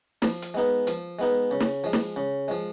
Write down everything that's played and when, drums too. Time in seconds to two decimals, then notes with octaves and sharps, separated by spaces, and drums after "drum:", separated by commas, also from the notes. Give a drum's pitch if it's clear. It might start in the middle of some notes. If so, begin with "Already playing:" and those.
0.22 F3, drum: snare
0.42 drum: hi-hat
0.54 G#3 B3 D#4
0.87 F3, drum: hi-hat
1.19 G#3 B3 D#4
1.51 C#3
1.60 drum: snare
1.84 F3 G#3
1.93 drum: snare
2.16 C#3
2.48 F3 G#3